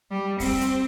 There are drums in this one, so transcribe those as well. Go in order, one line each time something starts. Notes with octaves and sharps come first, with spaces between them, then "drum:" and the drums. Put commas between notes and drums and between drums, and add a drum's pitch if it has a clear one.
G3
C4, drum: kick, open hi-hat
drum: hi-hat